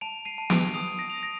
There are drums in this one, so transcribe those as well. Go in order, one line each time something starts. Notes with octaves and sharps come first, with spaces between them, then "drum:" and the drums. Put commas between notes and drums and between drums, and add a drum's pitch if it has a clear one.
A5 D7 F7
C7 D#7
A5
D7 F7, drum: snare
D#6 D7 F7
A#6 D7
D#6 F7
D#7
A#6 D7